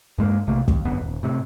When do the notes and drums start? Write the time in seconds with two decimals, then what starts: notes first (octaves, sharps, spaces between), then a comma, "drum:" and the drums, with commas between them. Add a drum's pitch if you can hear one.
0.18 G2 G#3 A#3
0.47 B1 C3 A3 A#3
0.68 D#2, drum: kick
0.85 G1 F#2 B3
0.99 D#1
1.23 A2 C3